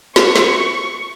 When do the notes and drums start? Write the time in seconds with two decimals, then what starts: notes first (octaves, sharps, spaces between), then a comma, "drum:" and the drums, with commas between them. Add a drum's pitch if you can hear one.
0.16 C#6, drum: snare
0.36 drum: snare